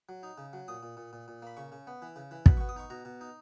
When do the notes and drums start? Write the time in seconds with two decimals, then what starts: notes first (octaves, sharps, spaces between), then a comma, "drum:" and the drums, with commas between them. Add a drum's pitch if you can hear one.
0.09 F#3
0.23 D#4
0.38 C#3
0.53 F#3
0.68 A#2 D#6
0.83 A#2
0.97 A#2
1.13 A#2
1.28 A#2
1.42 A#3 B5
1.57 C#3 C#6
1.72 C#3
1.87 B3
2.02 E3
2.16 C#3
2.31 E3
2.46 B2 B5, drum: kick
2.57 B3 C#6
2.69 D#6
2.76 D#4 C#6
2.90 B2 A#5
3.05 B2
3.21 D#4